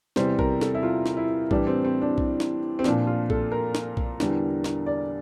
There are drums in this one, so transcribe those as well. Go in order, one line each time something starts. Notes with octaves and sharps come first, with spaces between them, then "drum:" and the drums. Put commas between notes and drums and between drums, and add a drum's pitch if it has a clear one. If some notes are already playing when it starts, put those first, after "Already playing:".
E2 C3 G3 C5, drum: snare
A#4, drum: kick B1
A4, drum: snare
E4
F4
drum: snare
E4
A2 E3 G3 D4, drum: kick B1
C4
C4
D4
drum: kick B1
drum: snare
C4
A#2 F3 D4, drum: snare
F4
A4, drum: kick B1
A#4
drum: snare
drum: kick B1
E2 D3 G3, drum: snare
drum: snare
D5